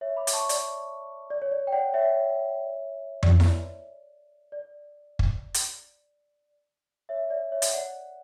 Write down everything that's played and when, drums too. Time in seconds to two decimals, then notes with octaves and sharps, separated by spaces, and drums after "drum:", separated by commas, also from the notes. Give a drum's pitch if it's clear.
0.01 C#5 E5
0.17 B5 D6
0.27 D6, drum: hi-hat
0.33 A5 C#6
0.49 D5, drum: hi-hat
1.30 D5
1.42 C#5
1.51 D5
1.67 G5
1.72 D5 F#5
1.94 C#5 E5
3.23 D5, drum: tom F2
3.40 drum: snare E4
4.52 D5
5.19 drum: kick
5.54 drum: hi-hat
7.09 C#5 E5
7.26 E5
7.30 D5
7.52 C#5 E5
7.62 drum: hi-hat
7.73 D5 F#5